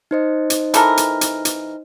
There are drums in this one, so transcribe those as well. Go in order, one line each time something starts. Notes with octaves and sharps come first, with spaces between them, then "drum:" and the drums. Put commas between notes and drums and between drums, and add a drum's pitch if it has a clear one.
D#4 C5 D#5
drum: hi-hat
E3 A4 A#4, drum: hi-hat
drum: hi-hat
drum: hi-hat
drum: hi-hat